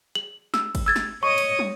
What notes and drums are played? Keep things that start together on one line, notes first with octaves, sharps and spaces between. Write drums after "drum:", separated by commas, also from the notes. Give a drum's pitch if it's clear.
F#7
E6, drum: snare
drum: kick, cymbal
E6 G#6 A6
drum: snare
C#5 D#5 C#6
drum: cymbal
drum: tom